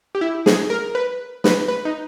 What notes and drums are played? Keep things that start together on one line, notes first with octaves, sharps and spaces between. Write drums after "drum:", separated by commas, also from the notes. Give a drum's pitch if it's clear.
G4
E4
G#4, drum: snare
A#4
B4
B4, drum: snare
B4
D#4